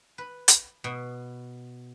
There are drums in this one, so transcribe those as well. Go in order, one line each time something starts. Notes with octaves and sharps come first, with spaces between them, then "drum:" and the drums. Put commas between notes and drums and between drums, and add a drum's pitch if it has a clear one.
B4
drum: hi-hat
B2